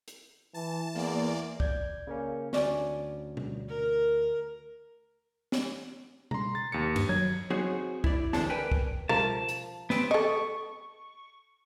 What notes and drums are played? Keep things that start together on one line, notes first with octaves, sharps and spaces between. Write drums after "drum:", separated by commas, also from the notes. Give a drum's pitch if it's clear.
drum: hi-hat
E3 A5
E2 A#3 D5
D5 G6 G#6, drum: kick
C#3 A#3 C#4
D2 C#4 D5 G#5, drum: snare
drum: tom B2
A#4
drum: snare
A#5 C6, drum: tom B2
A6
D#2 A6 C#7
G2, drum: cymbal
F#3 G#6
C4 D#4 F#4 G#4 C#5, drum: tom F#3
E4 D5, drum: kick
D2 D3 E3 G#3 E4 A5, drum: snare
A#4 B4 D5 G5 G#5
drum: kick
F3 A#4 A5, drum: tom B2
drum: hi-hat
B3 C4, drum: snare
A4 D#5 C#6